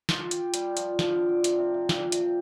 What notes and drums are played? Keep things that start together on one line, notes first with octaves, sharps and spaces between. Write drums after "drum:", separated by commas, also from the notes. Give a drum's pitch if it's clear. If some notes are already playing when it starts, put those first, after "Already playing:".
F4, drum: snare
G4, drum: hi-hat
G3, drum: hi-hat
F3, drum: hi-hat
F3, drum: snare
D3
D3
C3, drum: hi-hat
C3
C3
A#2, drum: snare
C3, drum: hi-hat